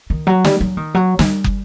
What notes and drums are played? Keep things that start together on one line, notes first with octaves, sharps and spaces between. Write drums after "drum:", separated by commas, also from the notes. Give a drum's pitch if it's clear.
D#3
F#3
G3, drum: snare
F#3
D#3
F#3
G3, drum: snare
drum: kick